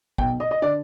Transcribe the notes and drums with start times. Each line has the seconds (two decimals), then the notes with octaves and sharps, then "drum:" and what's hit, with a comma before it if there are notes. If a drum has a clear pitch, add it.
0.18 B1 B2 G5, drum: kick
0.40 D#5
0.51 D#5
0.62 D3 D5